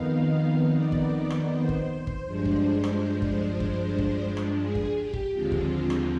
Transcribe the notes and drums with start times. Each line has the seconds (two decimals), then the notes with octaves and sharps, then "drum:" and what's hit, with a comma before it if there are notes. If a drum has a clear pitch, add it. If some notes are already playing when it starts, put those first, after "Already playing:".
Already playing: F2 D#3 B3 D#4 F5
0.73 D5
0.92 drum: kick G1
1.30 drum: rim click
1.50 C5
1.69 drum: kick G1
2.07 drum: kick G1
2.26 G2 F3 G#3 D4
2.45 drum: kick G1
2.84 drum: rim click
3.22 drum: kick G1
3.60 drum: kick G1
3.98 drum: kick G1
4.37 drum: rim click
4.56 G#4
4.75 drum: kick G1
4.94 G4
5.13 drum: kick G1
5.32 D#2 D3 F3 G#3 C4 F4
5.52 drum: kick G1
5.90 drum: rim click